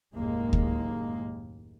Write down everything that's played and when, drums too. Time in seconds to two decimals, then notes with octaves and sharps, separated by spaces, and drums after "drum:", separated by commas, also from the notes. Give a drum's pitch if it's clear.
0.17 F#1 D#2 A2 G#3 A#3
0.53 drum: kick D2